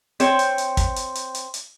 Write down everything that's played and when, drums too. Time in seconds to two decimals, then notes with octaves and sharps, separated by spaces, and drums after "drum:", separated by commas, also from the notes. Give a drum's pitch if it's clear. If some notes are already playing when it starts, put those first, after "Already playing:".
0.20 C4 C5 C#5, drum: hi-hat
0.39 drum: hi-hat
0.58 drum: hi-hat
0.77 drum: kick, hi-hat
0.96 drum: hi-hat
1.15 drum: hi-hat
1.35 drum: hi-hat
1.54 drum: hi-hat